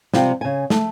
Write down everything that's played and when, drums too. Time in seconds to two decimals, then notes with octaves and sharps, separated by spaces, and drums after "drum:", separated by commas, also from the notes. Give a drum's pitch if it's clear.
0.14 C3 G3 F4 G5, drum: snare
0.41 C#3 G#5
0.70 A3, drum: snare